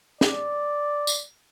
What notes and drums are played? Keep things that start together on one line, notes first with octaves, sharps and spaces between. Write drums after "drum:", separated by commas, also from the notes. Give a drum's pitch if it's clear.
D5, drum: snare
drum: tambourine